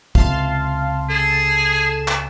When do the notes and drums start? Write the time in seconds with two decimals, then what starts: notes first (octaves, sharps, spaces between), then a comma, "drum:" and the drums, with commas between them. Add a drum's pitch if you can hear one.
0.15 C#2 C3 F5 A5 C6, drum: kick
1.09 G#4 A4 E7
2.08 drum: clap